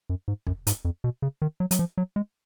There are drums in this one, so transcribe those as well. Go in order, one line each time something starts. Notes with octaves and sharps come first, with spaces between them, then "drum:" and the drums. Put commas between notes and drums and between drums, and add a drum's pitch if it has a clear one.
F#2
G#2
F#2, drum: kick
G#2, drum: hi-hat
F2
B2
C#3
D#3
F#3
F#3, drum: hi-hat
F3
F#3
G#3